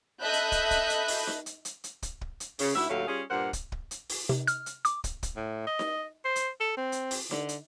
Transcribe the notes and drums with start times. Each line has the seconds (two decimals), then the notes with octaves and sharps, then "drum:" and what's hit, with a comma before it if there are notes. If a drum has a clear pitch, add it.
0.22 A4 D#5 E5 B5 F#6 G6
0.33 drum: hi-hat
0.52 drum: kick, hi-hat
0.71 drum: kick, hi-hat
0.90 drum: hi-hat
1.08 drum: open hi-hat
1.27 drum: snare D#4
1.46 drum: hi-hat
1.65 drum: hi-hat
1.84 drum: hi-hat
2.02 drum: kick, hi-hat
2.21 drum: kick
2.40 drum: hi-hat
2.59 C#3, drum: open hi-hat
2.75 D2 E4 F#4 E5, drum: snare D#4
2.89 D#2 A2 F#3 A3 A4 F5
3.07 G3 C#4 F4 G#4
3.30 G2 A#2 A#4 C5 F#5
3.53 drum: kick, hi-hat
3.72 drum: kick
3.91 drum: hi-hat
4.10 drum: open hi-hat
4.29 C3, drum: snare D#4
4.47 F6, drum: hi-hat
4.66 drum: hi-hat
4.85 D6, drum: hi-hat
5.04 drum: kick, hi-hat
5.23 drum: kick, hi-hat
5.36 A2
5.67 D#5
5.79 drum: snare D#4
6.25 C5
6.36 drum: hi-hat
6.60 A4
6.77 C4
6.92 drum: hi-hat
7.11 drum: open hi-hat
7.31 D3, drum: snare D#4
7.49 drum: hi-hat